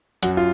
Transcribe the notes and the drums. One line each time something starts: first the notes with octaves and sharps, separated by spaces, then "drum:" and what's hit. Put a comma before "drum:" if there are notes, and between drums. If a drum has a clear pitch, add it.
F#2 F#4, drum: hi-hat
F4